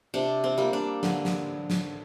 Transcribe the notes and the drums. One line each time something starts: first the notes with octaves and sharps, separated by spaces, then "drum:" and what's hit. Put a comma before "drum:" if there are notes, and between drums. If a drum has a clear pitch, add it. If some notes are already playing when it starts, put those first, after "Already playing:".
C3 D4
C4
G3 A#3
D4
D3, drum: snare
drum: snare
drum: snare